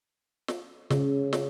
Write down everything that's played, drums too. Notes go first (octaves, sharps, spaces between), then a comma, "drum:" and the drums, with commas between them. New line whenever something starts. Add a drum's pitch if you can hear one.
drum: snare
C#3, drum: snare
drum: snare